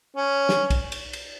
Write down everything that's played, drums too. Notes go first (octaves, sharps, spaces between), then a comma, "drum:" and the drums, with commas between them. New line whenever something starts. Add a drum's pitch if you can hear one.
C#4
drum: snare
drum: kick, cymbal
drum: cymbal
drum: cymbal